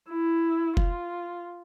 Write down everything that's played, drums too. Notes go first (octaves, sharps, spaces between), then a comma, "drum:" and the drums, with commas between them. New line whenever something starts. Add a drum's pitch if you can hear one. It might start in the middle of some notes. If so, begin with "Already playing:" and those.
E4
F4, drum: kick